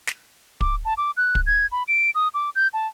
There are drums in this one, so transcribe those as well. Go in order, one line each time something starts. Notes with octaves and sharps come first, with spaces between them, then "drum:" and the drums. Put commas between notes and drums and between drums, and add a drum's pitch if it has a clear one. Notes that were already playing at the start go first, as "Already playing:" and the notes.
drum: snare
D6, drum: kick
A5
D6
F#6
drum: kick
G#6
B5
D7
D#6
D6
G6
A5